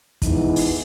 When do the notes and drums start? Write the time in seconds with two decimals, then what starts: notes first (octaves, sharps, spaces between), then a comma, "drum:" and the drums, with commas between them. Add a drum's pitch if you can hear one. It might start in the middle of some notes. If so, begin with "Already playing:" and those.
0.22 E3 G#3 B3 D#4, drum: kick, hi-hat
0.56 drum: open hi-hat